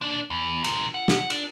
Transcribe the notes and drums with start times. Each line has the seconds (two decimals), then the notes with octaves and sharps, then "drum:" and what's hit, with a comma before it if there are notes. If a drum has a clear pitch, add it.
0.01 A#3 D4
0.30 E2
0.64 F#3 G#3, drum: cymbal
0.94 F#5
1.08 drum: snare
1.30 D4, drum: cymbal